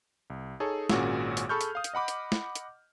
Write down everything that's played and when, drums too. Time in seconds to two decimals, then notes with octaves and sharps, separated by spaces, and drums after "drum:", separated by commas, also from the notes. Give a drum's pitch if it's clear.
0.30 C2
0.60 D#4 G#4 A4 C#5
0.89 G#1 A#2 C#4 F#4 G#4 E6, drum: snare
1.37 drum: hi-hat
1.49 G#4 A4 B5 C#6 F6 G6
1.61 drum: hi-hat
1.75 F5 D#6
1.84 drum: hi-hat
1.94 D#5 F#5 B5 D6
2.08 drum: hi-hat
2.32 drum: snare
2.56 drum: hi-hat